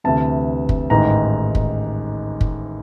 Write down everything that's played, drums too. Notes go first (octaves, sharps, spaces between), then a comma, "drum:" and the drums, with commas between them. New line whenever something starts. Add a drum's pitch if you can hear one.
D2 C3 E3 A5
drum: kick
A1 G#2 D#3 A#5
drum: kick
drum: kick